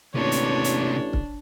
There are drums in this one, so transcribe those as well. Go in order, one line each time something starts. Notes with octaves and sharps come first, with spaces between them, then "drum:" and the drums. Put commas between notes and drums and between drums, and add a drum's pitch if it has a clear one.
A1 C3 A#3 D4 C#5
drum: hi-hat
drum: hi-hat
drum: kick